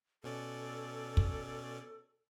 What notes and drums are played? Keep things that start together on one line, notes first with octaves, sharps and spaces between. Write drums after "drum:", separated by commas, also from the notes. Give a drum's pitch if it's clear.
B2 C#4 A4 D5
drum: kick